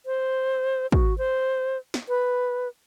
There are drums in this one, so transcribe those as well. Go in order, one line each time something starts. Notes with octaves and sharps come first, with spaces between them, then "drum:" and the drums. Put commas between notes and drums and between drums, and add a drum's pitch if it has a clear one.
C5
F#4, drum: kick
C5
drum: snare
B4